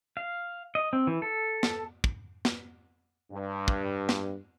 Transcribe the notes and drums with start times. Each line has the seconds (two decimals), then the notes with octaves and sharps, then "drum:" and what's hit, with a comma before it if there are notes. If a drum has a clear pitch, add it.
0.17 F5
0.75 D#5
0.93 C4
1.07 E3
1.22 A4
1.63 drum: snare
2.04 drum: kick
2.45 drum: snare
3.31 G2
3.68 drum: kick
4.09 drum: snare